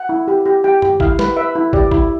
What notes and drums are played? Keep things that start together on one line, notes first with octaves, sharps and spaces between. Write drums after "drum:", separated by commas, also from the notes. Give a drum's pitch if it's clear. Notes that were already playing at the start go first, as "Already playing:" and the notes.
Already playing: F#5
E4
G4
G4
G4 G5
G4, drum: tom F#2
E4 F5, drum: kick
B4, drum: snare
B4 E5
E4
G4 D5, drum: kick
E4, drum: kick